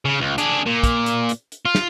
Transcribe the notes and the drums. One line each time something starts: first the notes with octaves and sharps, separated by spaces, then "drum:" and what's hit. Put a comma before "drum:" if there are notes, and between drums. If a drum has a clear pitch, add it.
C#3
C#2
D4 G#4, drum: hi-hat
A#2
drum: kick, hi-hat
drum: hi-hat
drum: hi-hat
drum: hi-hat
F4
drum: snare